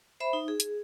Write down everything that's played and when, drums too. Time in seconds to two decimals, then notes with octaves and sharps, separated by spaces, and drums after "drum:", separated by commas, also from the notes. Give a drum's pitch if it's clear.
0.20 C5 E5 B5
0.33 D#4
0.48 G#4
0.60 drum: hi-hat